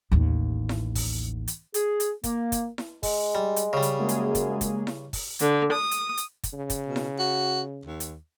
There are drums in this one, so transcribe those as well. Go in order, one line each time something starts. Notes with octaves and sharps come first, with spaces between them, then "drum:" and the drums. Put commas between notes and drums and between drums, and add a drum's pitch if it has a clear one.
A1 D#2
drum: snare E4
drum: kick, open hi-hat
drum: hi-hat
G#4, drum: hi-hat
drum: hi-hat
A#3, drum: kick, hi-hat
drum: kick, hi-hat
drum: snare E4
G#3, drum: kick, open hi-hat
G3
drum: hi-hat
C#3 G3
drum: hi-hat
F#2 G#3 A#3 G#4
drum: hi-hat
drum: kick, hi-hat
drum: kick, hi-hat
drum: snare E4
drum: kick, open hi-hat
D3, drum: hi-hat
D#6
drum: hi-hat
drum: hi-hat
drum: kick, hi-hat
C#3
drum: kick, hi-hat
B2
drum: snare E4
F#4
D#2
drum: hi-hat